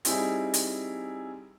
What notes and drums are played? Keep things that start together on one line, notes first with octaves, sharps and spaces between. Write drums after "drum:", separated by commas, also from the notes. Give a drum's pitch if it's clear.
G3 C4 D#4 E4 G#4, drum: hi-hat
drum: hi-hat